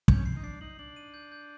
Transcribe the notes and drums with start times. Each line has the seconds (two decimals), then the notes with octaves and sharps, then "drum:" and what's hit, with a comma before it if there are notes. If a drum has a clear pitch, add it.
0.08 C#4 G6, drum: kick
0.26 C7
0.36 D#4
0.43 D4 C7
0.61 D#4 F#7
0.79 D4 F#7
0.96 D#7
1.14 G6
1.32 G6